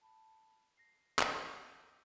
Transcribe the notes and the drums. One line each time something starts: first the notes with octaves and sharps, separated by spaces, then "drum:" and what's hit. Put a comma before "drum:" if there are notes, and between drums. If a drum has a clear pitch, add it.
A5 B5
A#6 C7
drum: clap
D6 E6 G6 A#6 D#7